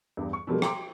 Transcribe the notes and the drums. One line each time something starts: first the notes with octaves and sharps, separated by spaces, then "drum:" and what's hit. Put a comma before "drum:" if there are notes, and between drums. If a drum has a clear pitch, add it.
E2 G2
C#6
B2 F3 G3 G#3 A#3
G5 A#5 C6 D6, drum: rim click